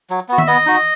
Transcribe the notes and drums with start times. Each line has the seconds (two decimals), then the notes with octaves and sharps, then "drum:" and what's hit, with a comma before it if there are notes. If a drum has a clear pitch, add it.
0.10 F#3
0.29 B3 F#4
0.38 E5, drum: tom D#3
0.47 B3 D#5
0.66 D#4 F#4